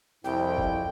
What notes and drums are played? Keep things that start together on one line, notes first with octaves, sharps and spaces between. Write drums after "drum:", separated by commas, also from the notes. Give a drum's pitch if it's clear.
C2 F2 F3 E4 G5
drum: kick F#1